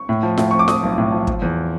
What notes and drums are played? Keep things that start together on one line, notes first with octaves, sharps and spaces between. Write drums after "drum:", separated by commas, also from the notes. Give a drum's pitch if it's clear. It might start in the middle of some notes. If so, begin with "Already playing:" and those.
Already playing: C#6
A2
F3
A2, drum: snare F4
F3 C#6
D6
F3 D#6, drum: snare F4
B1
A2
F3
F3, drum: kick
E2